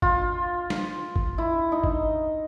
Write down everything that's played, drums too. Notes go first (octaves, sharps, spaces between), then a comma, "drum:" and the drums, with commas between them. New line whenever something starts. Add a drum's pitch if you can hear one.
F4, drum: kick G#1
drum: snare
drum: kick G#1
E4
D#4
drum: kick G#1